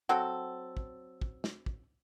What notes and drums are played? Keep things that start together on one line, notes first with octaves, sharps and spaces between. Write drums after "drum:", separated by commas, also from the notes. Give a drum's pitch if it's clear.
F#3 C4 F#4 A4
drum: kick
drum: kick
drum: snare
drum: kick